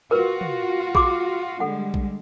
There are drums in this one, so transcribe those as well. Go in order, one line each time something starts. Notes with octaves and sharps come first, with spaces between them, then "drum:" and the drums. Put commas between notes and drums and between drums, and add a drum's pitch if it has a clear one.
F4 F#4 A#4 B4
drum: tom
G#4 C6 D6, drum: kick A#1
D3 G3 G#3 A4 F#5
drum: kick A#1